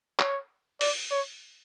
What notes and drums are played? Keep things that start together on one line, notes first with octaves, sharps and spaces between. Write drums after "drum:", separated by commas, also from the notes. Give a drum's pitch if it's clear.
C#5, drum: clap
D5, drum: open hi-hat
C#5